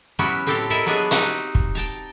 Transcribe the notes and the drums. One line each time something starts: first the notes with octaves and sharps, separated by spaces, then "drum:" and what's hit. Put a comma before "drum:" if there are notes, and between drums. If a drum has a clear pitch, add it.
F#3 B3 C#4 E4 F#4 G4
A2 C4 G4 A4 F5 G5
E4 A4 A#4 D#5 E5
F#3 B3 D4 G#4 D#5 E5
C4 D#4 F#4 G4, drum: hi-hat
drum: kick
G5 A5 A#5